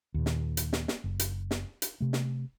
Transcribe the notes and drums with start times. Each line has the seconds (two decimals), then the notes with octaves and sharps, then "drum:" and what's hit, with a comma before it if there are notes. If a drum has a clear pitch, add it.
0.14 D#2 A#2
0.26 drum: snare
0.57 drum: hi-hat
0.73 drum: snare
0.88 drum: snare
1.04 F#1
1.19 drum: hi-hat
1.51 drum: snare
1.82 drum: hi-hat
2.01 C3 A3
2.13 drum: snare